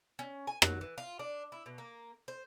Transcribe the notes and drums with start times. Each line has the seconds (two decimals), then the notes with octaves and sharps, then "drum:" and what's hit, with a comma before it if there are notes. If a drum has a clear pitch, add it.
0.19 C#4
0.47 G#5
0.62 F#3, drum: rim click
0.81 E3
0.98 F4
1.19 D4
1.52 E4
1.66 B2
1.78 A#3
2.28 C5